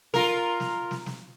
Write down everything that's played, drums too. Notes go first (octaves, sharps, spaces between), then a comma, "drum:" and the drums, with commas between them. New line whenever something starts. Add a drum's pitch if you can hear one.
F4 A#4, drum: snare
drum: snare
drum: snare
drum: snare